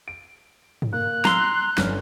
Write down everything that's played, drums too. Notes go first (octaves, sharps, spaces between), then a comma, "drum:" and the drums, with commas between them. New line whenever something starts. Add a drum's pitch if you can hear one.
D7
drum: tom G2
A#3 F#6
A#5 C6 E6 F6 C7, drum: snare
G1 C#4 F6, drum: snare